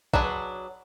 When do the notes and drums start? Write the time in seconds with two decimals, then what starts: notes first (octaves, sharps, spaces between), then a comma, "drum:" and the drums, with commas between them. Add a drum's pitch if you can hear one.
0.14 F#3 D4 G#4 B4, drum: kick A#1